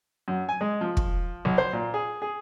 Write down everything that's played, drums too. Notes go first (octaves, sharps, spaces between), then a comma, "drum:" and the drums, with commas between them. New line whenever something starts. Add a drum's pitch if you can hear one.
F#2
G#5
G#3
F3
drum: kick
B1
C5
A#2
G#4
G#4